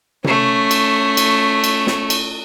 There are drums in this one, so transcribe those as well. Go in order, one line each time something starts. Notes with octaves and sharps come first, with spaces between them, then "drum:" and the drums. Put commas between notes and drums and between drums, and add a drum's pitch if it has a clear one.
A3 C#4, drum: tom C3
drum: cymbal
drum: cymbal
drum: cymbal
drum: snare
drum: cymbal